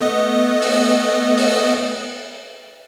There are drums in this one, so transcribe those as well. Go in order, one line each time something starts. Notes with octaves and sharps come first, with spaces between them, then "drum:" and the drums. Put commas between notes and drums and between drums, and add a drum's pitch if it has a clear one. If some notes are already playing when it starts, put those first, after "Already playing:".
A3 B3 D#5
drum: open hi-hat
drum: open hi-hat